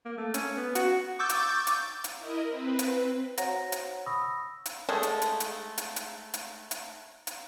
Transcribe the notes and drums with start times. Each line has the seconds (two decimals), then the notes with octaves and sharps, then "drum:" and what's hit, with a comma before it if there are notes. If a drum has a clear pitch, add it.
0.05 A#3
0.17 A3
0.34 C#4, drum: hi-hat
0.56 B3
0.75 F#4, drum: hi-hat
1.19 C#6 D6 E6 G6 A6
1.29 drum: hi-hat
1.67 drum: hi-hat
2.04 drum: hi-hat
2.18 E4 A#4 D#5
2.48 C4 B4
2.79 drum: hi-hat
3.38 F#4 C5 C#5 F#5 A#5 A#6, drum: hi-hat
3.72 drum: hi-hat
4.06 B5 C#6 D#6 E6 A#6
4.66 drum: hi-hat
4.89 G#3 A3
5.03 drum: hi-hat
5.22 drum: hi-hat
5.40 drum: hi-hat
5.78 drum: hi-hat
5.96 drum: hi-hat
6.34 drum: hi-hat
6.71 drum: hi-hat
7.27 drum: hi-hat